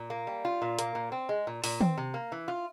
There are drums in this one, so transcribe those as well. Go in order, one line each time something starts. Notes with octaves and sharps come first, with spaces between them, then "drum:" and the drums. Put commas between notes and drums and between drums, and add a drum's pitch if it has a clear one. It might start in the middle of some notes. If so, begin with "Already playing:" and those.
Already playing: A#2
A#3
G3
F4
A#2
A#3, drum: hi-hat
A#2
C4
G#3
A#2
A#2, drum: open hi-hat
C4, drum: tom D#3
C3
A#3
E3
F4